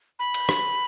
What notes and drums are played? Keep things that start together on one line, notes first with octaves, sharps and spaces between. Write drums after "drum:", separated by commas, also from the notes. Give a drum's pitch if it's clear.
B5
drum: cymbal
drum: rim click